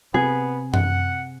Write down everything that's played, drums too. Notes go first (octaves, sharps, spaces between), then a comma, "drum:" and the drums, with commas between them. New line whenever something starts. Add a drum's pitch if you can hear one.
C3 B3 G#4
F#5, drum: tom F#2